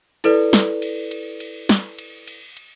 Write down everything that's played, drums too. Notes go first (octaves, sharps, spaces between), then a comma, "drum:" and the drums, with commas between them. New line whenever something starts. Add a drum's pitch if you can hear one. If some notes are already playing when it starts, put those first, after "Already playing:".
E4 A4 B4 D5, drum: cymbal
drum: snare
drum: cymbal
drum: cymbal
drum: cymbal
drum: snare
drum: cymbal
drum: cymbal
drum: cymbal